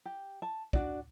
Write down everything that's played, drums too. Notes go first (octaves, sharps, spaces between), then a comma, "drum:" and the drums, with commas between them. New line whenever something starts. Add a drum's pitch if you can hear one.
G4
A5
D4 F#4 D5, drum: kick